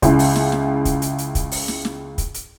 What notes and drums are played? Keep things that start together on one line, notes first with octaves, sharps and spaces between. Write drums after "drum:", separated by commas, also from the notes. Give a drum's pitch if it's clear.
C#2 C#3 E4, drum: kick, hi-hat
drum: open hi-hat
drum: snare
drum: snare
drum: kick, hi-hat
drum: hi-hat
drum: hi-hat
drum: kick, hi-hat
drum: open hi-hat
drum: snare
drum: snare
drum: kick, hi-hat
drum: hi-hat